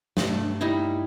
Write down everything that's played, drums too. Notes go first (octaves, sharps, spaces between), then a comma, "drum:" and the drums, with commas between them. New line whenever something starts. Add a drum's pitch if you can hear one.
G2 A3, drum: snare
G3 D#4 E4